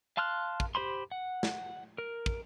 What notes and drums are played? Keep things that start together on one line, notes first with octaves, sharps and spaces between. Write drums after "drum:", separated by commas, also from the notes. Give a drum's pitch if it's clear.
F5 A5 C6 F6 F#6
drum: kick
G4 C5 B5 C6
F#5
drum: snare
A#4
drum: kick